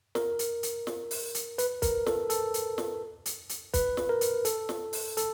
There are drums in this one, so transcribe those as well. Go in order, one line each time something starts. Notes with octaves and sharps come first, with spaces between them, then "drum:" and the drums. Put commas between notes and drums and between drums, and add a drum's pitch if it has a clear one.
A#4, drum: snare
drum: hi-hat
drum: hi-hat
drum: snare
drum: open hi-hat
drum: hi-hat
B4, drum: hi-hat
A#4, drum: kick, hi-hat
A4, drum: snare
A4, drum: hi-hat
drum: hi-hat
drum: snare
drum: hi-hat
drum: hi-hat
B4, drum: kick, hi-hat
drum: snare
A#4
drum: hi-hat
A4, drum: hi-hat
drum: snare
drum: open hi-hat
A4, drum: hi-hat